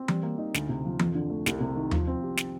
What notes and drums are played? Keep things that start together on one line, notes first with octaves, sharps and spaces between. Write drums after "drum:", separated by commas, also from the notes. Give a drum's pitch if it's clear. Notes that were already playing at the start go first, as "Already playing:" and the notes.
Already playing: C4
G3, drum: tom E3
A#3
D#4
D2, drum: snare
C3
F3
F2, drum: tom E3
D3
A3
C2, drum: snare
C3
D#3
F3, drum: tom D#2
C4
G4
drum: snare